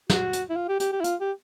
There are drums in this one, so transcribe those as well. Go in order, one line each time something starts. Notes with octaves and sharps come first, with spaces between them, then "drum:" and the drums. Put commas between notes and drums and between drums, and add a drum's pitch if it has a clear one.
F#4, drum: snare
drum: hi-hat
E4
F4
G4
G4, drum: hi-hat
G4
E4
F4, drum: hi-hat
G4